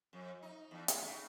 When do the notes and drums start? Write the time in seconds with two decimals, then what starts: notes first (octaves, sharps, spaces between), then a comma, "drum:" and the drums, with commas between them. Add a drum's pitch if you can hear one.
0.13 F2
0.42 D#4
0.71 E2
0.88 A2, drum: hi-hat
1.05 C#3